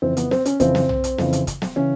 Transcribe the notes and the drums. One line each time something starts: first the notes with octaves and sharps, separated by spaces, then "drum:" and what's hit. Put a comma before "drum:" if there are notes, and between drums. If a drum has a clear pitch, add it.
F2 C#3 E3 C4
B3, drum: hi-hat
C4, drum: snare
C#4, drum: hi-hat
F2 C#3 E3 C4, drum: kick, hi-hat
drum: snare
drum: tom B1
drum: hi-hat
F2 C#3 E3, drum: snare
drum: hi-hat
drum: kick, hi-hat
drum: snare
C#3 E3 C#4